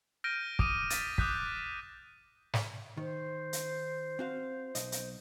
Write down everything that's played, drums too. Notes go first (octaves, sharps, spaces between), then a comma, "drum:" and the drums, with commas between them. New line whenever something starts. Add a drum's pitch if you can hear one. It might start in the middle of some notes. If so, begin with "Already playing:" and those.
F6 G6 A#6 D7 D#7
D6 D#6 D7 D#7, drum: kick
A6 B6, drum: hi-hat
D6 D#6 F#6 G6 B6, drum: kick
drum: snare
D#3 C5
drum: hi-hat
C4 F#4 F5
B1 D#5, drum: hi-hat
drum: hi-hat